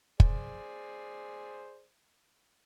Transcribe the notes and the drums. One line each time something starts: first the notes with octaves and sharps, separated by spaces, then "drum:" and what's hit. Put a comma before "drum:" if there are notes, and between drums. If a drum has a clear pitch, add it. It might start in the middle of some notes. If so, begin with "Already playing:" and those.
G#4 C5 D5, drum: kick